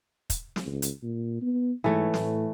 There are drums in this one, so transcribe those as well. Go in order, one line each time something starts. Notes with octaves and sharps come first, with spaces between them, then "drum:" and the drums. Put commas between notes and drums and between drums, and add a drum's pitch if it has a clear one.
drum: kick, hi-hat
drum: snare
C#2
drum: hi-hat
A#2
B3
G#2 E3 A3 C#5
A2, drum: snare